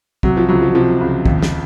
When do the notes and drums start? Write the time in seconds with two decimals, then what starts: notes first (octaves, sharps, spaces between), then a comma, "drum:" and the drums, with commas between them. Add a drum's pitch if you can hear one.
0.23 C3 F#3, drum: kick
0.37 F3
0.49 C#2 F#3
0.62 F3
0.74 C3 F3
1.01 C#2
1.26 D#2, drum: kick
1.43 drum: snare